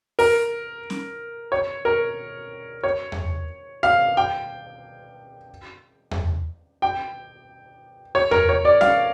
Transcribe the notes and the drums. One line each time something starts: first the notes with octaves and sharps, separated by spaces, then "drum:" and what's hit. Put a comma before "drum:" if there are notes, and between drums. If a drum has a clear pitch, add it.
A#4, drum: open hi-hat
drum: snare C#4
C#5
A#4
C#5
drum: tom E2
F5
G5
drum: tom E2
G5
C#5
A#4, drum: tom E2
C#5
D5
F5, drum: snare C#4